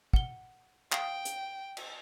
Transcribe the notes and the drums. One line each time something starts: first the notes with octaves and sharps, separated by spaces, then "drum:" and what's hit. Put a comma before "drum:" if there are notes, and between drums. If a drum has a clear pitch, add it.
F#5 G7, drum: kick
F5 G5 D#6, drum: clap
drum: hi-hat
drum: cymbal